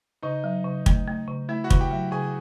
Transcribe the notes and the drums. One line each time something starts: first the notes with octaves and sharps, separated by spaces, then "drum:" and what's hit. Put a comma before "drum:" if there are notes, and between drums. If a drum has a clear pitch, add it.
C#3 D#4 D#5
F#3
C#3
A3, drum: kick
A3
C#3
A3 E4 E5
F#4 F#5
C#3, drum: kick
G4 G5
F#3
C#3 G#4 G#5